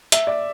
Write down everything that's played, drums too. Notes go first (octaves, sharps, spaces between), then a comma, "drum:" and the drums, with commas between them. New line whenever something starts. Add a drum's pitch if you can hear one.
E5, drum: hi-hat
D5